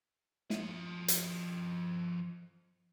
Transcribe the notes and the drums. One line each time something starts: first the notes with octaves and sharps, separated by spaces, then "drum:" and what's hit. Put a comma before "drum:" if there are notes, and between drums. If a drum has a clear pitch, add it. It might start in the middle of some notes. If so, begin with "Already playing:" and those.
F3 D#5, drum: snare
drum: hi-hat